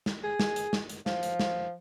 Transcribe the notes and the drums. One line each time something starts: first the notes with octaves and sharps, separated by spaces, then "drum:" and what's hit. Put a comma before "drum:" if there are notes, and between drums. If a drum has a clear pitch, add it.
drum: snare
G#4
drum: snare
drum: hi-hat
drum: snare
drum: hi-hat
F3, drum: snare
drum: hi-hat
drum: snare